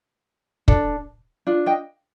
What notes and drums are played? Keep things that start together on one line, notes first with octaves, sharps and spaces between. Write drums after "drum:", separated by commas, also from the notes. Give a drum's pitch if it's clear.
D4 A4, drum: kick
D4 F4
D#5 G5